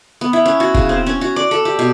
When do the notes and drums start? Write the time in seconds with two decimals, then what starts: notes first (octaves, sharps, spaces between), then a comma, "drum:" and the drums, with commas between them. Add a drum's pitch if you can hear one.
0.21 B3
0.33 E4
0.46 C#4
0.60 F#4
0.74 C#3, drum: kick
0.89 C4
1.07 C#4
1.21 F#4
1.36 D5
1.51 A4
1.65 G4
1.79 B2